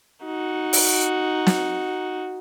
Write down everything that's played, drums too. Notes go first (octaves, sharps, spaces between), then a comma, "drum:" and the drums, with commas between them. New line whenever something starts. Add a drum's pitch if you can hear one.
D#4 F#4
drum: open hi-hat
drum: snare